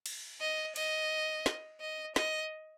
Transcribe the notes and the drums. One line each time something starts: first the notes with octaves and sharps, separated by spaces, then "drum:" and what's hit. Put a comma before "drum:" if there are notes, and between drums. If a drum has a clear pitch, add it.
drum: cymbal
D#5
D#5, drum: cymbal
drum: snare
D#5
D#5, drum: snare